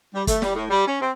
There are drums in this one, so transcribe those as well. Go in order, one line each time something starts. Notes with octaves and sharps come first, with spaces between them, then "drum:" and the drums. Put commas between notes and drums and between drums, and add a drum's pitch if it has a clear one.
G3
A3, drum: kick, hi-hat
G3, drum: snare
A2
G3
C#4
C4